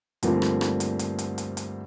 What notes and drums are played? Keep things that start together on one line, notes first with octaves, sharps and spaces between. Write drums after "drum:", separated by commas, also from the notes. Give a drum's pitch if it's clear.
D2 G2 D3 F3 A#3 C4, drum: hi-hat
drum: rim click
drum: rim click
drum: hi-hat
drum: hi-hat
drum: hi-hat
drum: hi-hat
drum: hi-hat